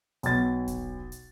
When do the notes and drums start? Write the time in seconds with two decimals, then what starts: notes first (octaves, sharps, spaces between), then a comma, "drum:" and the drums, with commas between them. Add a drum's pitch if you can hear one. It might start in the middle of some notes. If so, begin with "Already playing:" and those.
0.23 B1 A6, drum: hi-hat
0.68 drum: kick D#1, hi-hat
1.12 drum: hi-hat